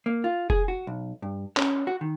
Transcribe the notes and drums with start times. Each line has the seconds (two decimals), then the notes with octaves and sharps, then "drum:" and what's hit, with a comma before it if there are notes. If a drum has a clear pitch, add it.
0.06 A#3
0.24 F4
0.50 G#4, drum: kick F1
0.68 F#4
0.87 B1
1.22 G2
1.57 C#4, drum: clap
1.87 F#4
2.01 D#3